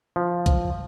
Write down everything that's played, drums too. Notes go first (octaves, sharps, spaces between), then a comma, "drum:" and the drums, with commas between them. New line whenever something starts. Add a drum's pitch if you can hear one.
F3
drum: kick C2, hi-hat